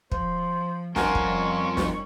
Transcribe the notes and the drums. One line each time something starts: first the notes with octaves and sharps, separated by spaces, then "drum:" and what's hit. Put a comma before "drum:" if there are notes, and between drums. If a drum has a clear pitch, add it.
F3 C5, drum: kick
F2 G3 C4 C#4 A#4 F#5 G#5 C#6, drum: snare
drum: kick
drum: snare